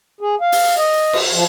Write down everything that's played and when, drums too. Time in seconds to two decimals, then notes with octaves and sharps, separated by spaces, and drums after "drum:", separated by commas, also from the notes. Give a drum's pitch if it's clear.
0.21 G#4
0.41 F5
0.52 drum: open hi-hat
0.77 D#5
1.13 drum: cymbal
1.32 F3